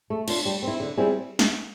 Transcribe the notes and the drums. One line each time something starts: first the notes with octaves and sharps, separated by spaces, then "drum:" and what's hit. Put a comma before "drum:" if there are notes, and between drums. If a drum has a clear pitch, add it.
A3
D4 F4, drum: cymbal
G3
C4 E4
D3
G3 C4 E4 G#4
drum: snare